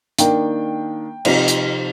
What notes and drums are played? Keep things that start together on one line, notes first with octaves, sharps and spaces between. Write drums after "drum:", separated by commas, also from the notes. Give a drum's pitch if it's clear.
D#3 A#3 D4 G5, drum: hi-hat
C3 F3 C4 D#4, drum: cymbal
drum: hi-hat